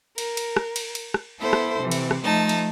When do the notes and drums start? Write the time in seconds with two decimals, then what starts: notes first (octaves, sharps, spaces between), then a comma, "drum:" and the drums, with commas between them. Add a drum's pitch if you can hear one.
0.18 A#4, drum: cymbal
0.37 drum: cymbal
0.57 drum: rim click
0.76 drum: cymbal
0.95 drum: cymbal
1.14 drum: rim click
1.38 B3 E4 A4 C5
1.53 drum: rim click
1.79 C3 E3
1.91 drum: cymbal
2.11 drum: rim click
2.23 F3 A3 D#4 A5
2.49 drum: cymbal